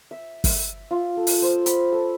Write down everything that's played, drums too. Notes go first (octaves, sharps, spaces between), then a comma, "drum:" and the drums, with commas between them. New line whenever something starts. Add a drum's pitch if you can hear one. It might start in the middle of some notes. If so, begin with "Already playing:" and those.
E5
E5, drum: kick, open hi-hat
F4
A4
drum: open hi-hat
C5
B5, drum: hi-hat
A4